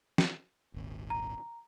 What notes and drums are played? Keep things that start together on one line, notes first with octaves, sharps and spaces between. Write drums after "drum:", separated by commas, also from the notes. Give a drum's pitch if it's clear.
drum: snare
D#1 G#1
A#5